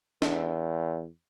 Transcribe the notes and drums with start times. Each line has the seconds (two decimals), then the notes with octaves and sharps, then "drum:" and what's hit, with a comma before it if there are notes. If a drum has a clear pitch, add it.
0.22 E2, drum: snare